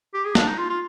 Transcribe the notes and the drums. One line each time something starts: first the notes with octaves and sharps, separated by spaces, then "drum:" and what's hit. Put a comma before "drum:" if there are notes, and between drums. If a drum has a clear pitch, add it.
G4
G#4
D4, drum: snare
D#4
F4
F4